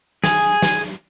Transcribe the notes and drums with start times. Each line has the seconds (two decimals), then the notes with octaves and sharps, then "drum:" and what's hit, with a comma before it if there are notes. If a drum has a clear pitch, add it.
0.24 G#4, drum: snare
0.62 drum: snare